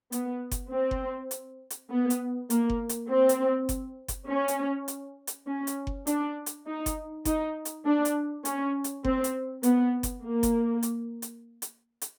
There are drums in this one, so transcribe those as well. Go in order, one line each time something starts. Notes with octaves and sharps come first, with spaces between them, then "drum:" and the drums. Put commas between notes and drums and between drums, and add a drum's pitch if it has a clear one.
B3, drum: hi-hat
drum: kick F#1, hi-hat
C4
drum: kick F#1
drum: hi-hat
drum: hi-hat
B3
drum: hi-hat
A#3, drum: hi-hat
drum: kick F#1
drum: hi-hat
C4
drum: hi-hat
drum: kick F#1, hi-hat
drum: kick F#1, hi-hat
C#4
drum: hi-hat
drum: hi-hat
drum: hi-hat
C#4
drum: hi-hat
drum: kick F#1
D4, drum: hi-hat
drum: hi-hat
D#4
drum: kick F#1, hi-hat
D#4, drum: kick F#1, hi-hat
drum: hi-hat
D4
drum: hi-hat
C#4, drum: hi-hat
drum: hi-hat
C4, drum: kick F#1
drum: hi-hat
B3, drum: hi-hat
drum: kick F#1, hi-hat
A#3
drum: kick F#1, hi-hat
drum: hi-hat
drum: hi-hat
drum: hi-hat
drum: hi-hat